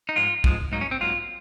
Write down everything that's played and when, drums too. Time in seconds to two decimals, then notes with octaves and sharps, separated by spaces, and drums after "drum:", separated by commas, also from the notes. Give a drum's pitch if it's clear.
0.09 D#4
0.16 G#2 F3 G#3 F4
0.44 G#2 F3 G#3, drum: kick B1
0.72 G#2 F#3 A#3 D#4
0.81 C#4
0.91 C4
1.00 G#2 F#3 A#3 F4